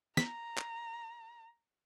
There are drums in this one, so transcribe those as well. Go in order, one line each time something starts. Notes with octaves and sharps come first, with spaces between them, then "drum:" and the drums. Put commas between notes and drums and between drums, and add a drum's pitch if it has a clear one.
A#5 B6, drum: snare
drum: clap